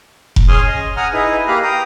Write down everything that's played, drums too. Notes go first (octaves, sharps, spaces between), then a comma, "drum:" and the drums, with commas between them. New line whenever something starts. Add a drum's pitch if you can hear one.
drum: kick F1
C#4 G#4 G#5 C6 D#6 F6
D#5
F#5 G#5 A#5 D#6 F6
D#4 E4 G#4 B4 D#5
A#3 G4 F5 A#5 B5 F#6
G5 A#5 D#6